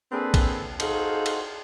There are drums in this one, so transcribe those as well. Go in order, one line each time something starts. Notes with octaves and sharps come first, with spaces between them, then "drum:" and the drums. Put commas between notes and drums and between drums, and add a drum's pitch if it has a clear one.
A#3 C4 D4 G#4 A4 B4
drum: kick, cymbal
D#4 F#4 G#4 A4 C5 F5, drum: cymbal
drum: cymbal